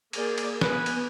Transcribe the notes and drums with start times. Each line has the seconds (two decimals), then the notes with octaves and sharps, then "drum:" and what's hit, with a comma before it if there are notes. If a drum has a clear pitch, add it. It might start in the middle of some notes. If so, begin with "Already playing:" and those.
0.13 A#3 G#4 D5, drum: cymbal
0.38 drum: cymbal
0.61 B3 B4 G#5, drum: snare
0.86 drum: cymbal